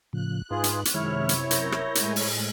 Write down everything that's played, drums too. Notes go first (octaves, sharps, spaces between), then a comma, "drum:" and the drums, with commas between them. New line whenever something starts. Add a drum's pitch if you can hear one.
A2 C#3 F3 F#6
G#2 D#4 F4 G#4 B4 F#6
drum: hi-hat
drum: hi-hat
F#2 C3 D#3 G#3 E4 C#5 F6
drum: hi-hat
A#4 G6 A#6, drum: hi-hat
drum: rim click
A2 G#3 G#5, drum: hi-hat
drum: open hi-hat